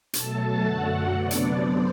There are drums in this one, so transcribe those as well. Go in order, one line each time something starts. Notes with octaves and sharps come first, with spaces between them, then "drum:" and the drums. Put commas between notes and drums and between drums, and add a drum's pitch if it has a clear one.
B2 F#3 A3 A4 A5, drum: hi-hat
F#2 D3 A3 F#4 F#5
C3 F#3 B3 D4 D5
drum: hi-hat
F#2 F#3 B3 C5